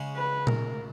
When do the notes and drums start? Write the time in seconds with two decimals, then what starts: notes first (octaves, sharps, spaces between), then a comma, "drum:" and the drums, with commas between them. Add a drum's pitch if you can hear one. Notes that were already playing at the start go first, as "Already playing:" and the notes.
Already playing: C#3 G#3 C#4
0.16 B4
0.47 A#4, drum: tom A#2